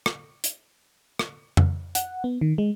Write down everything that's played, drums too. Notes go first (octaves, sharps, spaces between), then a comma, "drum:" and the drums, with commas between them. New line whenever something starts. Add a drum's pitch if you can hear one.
drum: rim click
drum: hi-hat
drum: rim click
drum: tom F2
F#5, drum: hi-hat
B3
D#3
G#3